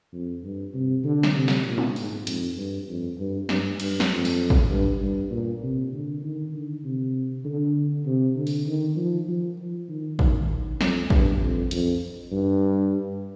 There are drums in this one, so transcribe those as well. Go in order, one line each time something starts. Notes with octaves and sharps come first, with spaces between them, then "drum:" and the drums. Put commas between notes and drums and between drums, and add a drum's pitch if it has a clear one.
F2
G2
C3
D3
drum: snare
C3
drum: snare
A#2
drum: tom
G#2, drum: open hi-hat
F2, drum: hi-hat
G2
F2
G2
G2, drum: snare
G2, drum: cymbal
drum: snare
F2
drum: open hi-hat
drum: kick
G2
G2
A#2
C3
D3
D#3
D3
C3
D3
C3
D3
drum: open hi-hat
D#3
F3
F3
F3
D#3
D#3, drum: kick
F2, drum: snare
G2, drum: kick
F2
F2, drum: hi-hat
G2